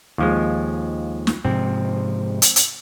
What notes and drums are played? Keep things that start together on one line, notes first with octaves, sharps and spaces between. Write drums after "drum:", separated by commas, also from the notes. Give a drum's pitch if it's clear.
D#2 F3 G#3
drum: snare
G#2 C3 F3 C4
drum: hi-hat
drum: hi-hat